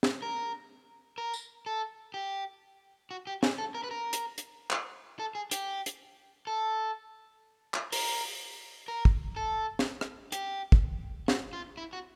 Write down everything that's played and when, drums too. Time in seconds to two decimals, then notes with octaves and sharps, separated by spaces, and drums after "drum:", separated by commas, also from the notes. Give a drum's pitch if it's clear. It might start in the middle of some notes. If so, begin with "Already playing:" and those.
0.03 drum: snare
0.22 A#4
1.18 A#4
1.33 drum: tambourine
1.66 A4
2.14 G4
3.11 F#4
3.27 G4
3.43 G#4, drum: snare
3.58 A4
3.74 A#4
3.84 B4
3.91 A#4
4.13 drum: hi-hat
4.38 drum: hi-hat
4.70 drum: clap
5.19 A4
5.35 G#4
5.51 G4, drum: hi-hat
5.86 drum: hi-hat
6.47 A4
7.74 drum: clap
7.92 A#4, drum: open hi-hat
8.88 A#4
9.05 drum: kick
9.36 A4
9.79 drum: snare
10.01 drum: rim click
10.32 G4, drum: hi-hat
10.72 drum: kick
11.28 F#4, drum: snare
11.53 F4
11.77 E4
11.93 F#4